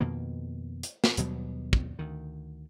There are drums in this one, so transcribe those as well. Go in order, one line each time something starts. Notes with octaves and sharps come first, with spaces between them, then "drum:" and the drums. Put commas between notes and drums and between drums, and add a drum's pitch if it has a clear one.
F2 B2 D#3 A#3
drum: hi-hat
drum: snare
D#2 B2 F#3 G3, drum: hi-hat
drum: kick
D2 D#3